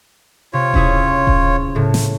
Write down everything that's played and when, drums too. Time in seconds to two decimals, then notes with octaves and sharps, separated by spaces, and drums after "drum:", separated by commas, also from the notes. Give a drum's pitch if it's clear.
0.53 C3 F4 C#5
0.74 C#4 E4 G#4, drum: kick D#1
1.27 drum: kick D#1
1.75 A2 C#3
1.94 drum: snare